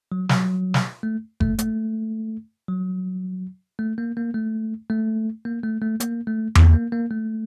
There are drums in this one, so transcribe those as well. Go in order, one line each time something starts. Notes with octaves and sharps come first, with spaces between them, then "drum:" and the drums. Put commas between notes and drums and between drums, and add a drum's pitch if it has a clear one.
F#3
F#3, drum: snare
drum: snare
A3
A3, drum: kick F#1
A3, drum: hi-hat
F#3
A3
A#3
A#3
A3
A3
A#3
A3
A3
A#3, drum: hi-hat
A3
A#3, drum: tom E2
A#3
A#3
A3